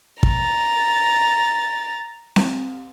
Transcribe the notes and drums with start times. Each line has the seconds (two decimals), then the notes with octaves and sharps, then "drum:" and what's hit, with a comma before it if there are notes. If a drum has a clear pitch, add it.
0.23 A#5 A6, drum: kick
2.36 drum: snare C4